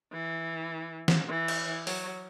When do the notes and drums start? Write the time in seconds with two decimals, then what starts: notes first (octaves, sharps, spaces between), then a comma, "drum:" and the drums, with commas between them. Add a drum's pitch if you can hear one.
0.12 E3
1.08 drum: snare
1.29 E3
1.48 drum: cymbal
1.87 F#3, drum: open hi-hat